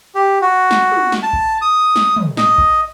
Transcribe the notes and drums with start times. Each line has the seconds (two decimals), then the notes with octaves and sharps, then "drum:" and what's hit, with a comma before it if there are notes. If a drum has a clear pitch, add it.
0.15 G4
0.41 F#4
0.71 drum: snare
0.92 drum: tom
1.12 drum: snare
1.23 A5
1.33 drum: kick A#1
1.62 D#6
1.96 drum: snare
2.16 drum: tom
2.37 D#5, drum: snare
2.58 drum: kick A#1